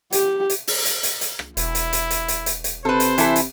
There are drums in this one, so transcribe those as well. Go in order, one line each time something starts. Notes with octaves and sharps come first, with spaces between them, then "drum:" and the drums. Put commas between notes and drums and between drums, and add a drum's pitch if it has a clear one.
G4, drum: hi-hat
drum: hi-hat
drum: open hi-hat
drum: hi-hat
drum: hi-hat
drum: hi-hat
drum: rim click
E1 E4, drum: hi-hat
drum: hi-hat
drum: hi-hat
drum: hi-hat
drum: hi-hat
drum: hi-hat
drum: hi-hat
C3 A4 B4 C5
drum: hi-hat
E3 E4 A4, drum: hi-hat
drum: hi-hat